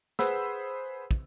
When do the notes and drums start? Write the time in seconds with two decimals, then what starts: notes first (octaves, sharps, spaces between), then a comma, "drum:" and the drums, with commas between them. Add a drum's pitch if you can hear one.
0.19 G#4 B4 C5 F#5 B5 E6, drum: snare
1.11 drum: kick